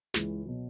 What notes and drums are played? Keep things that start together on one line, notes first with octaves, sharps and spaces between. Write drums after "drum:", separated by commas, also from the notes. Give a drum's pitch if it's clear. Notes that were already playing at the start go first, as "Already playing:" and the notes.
C#2 C#3 E3, drum: snare
B2 F#3